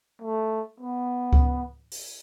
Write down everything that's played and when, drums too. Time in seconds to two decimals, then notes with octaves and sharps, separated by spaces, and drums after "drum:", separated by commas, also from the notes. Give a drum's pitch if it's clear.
0.22 A3
0.80 B3
1.33 drum: kick C#2
1.91 drum: open hi-hat